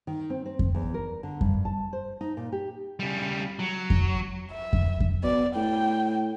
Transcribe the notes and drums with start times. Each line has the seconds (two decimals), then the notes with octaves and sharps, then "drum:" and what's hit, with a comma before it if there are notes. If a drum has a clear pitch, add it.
0.07 D#3
0.30 C4
0.46 C4
0.59 drum: kick F2
0.75 E2
0.94 A#4
1.23 D3
1.41 G2, drum: kick F2
1.65 A5
1.93 C5
2.21 D#4
2.37 A#2
2.52 G4
3.00 C#3 G3
3.59 F#3
3.90 drum: kick F2
4.51 E5
4.73 drum: kick F2
5.00 drum: kick F2
5.23 B2 D5
5.56 A2 G5